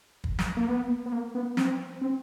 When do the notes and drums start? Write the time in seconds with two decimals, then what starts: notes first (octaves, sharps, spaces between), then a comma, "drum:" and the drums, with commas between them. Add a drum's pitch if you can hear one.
0.24 drum: kick
0.39 drum: snare
0.57 A#3
0.68 B3
1.06 B3
1.12 A#3
1.35 B3
1.57 C4, drum: snare
2.01 C4